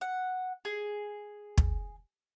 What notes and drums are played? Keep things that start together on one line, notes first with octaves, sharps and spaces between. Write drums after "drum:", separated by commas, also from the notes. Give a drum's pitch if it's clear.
F#5
G#4
drum: kick